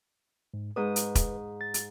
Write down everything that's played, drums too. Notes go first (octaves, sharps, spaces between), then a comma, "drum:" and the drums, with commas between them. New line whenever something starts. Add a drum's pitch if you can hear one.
G#2
G#2 B4 D#6
drum: hi-hat
drum: kick E1, hi-hat
A6
drum: hi-hat